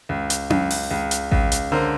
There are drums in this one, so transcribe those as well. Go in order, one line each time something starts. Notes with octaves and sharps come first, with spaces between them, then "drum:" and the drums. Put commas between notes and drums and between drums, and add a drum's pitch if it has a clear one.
C#2
drum: hi-hat
C#2, drum: tom C#4
drum: open hi-hat
C#2
drum: hi-hat
C#2, drum: kick A1
drum: hi-hat
D3 A#4 C5